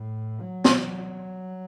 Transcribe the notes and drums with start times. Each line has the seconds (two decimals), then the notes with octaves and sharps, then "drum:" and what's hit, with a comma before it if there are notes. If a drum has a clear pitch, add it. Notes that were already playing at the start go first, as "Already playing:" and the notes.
Already playing: A2
0.41 F#3
0.64 drum: snare
0.88 F#3